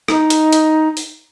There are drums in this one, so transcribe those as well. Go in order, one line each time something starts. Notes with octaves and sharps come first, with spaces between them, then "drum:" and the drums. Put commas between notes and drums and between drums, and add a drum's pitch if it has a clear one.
D#4, drum: rim click
drum: hi-hat
drum: hi-hat
drum: open hi-hat